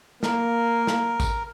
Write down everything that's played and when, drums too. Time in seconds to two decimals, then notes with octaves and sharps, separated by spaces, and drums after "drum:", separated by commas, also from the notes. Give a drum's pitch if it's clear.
0.23 A#3 A#4, drum: snare
0.87 drum: snare
1.20 drum: kick A1, tambourine